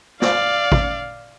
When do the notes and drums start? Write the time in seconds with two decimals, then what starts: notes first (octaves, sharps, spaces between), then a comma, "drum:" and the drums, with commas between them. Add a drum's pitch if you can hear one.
0.22 D5 F5, drum: snare
0.72 drum: kick